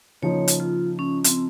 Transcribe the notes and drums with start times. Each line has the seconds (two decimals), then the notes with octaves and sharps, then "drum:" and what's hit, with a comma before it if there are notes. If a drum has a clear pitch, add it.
0.22 C#3 F3 A#3 D#4 C#5
0.48 drum: hi-hat
0.60 F4
0.99 C#4
1.24 C4, drum: hi-hat